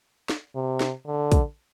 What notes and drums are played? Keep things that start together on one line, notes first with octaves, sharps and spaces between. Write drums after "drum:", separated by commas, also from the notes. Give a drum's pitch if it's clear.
drum: snare
C3
drum: snare
D3
drum: kick, hi-hat